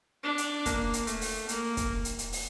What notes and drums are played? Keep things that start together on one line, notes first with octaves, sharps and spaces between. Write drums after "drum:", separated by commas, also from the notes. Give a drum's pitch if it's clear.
D4
drum: hi-hat
A#3, drum: kick, hi-hat
drum: hi-hat
A3, drum: hi-hat
drum: open hi-hat
A#3, drum: hi-hat
drum: kick, hi-hat
drum: hi-hat
drum: hi-hat
drum: open hi-hat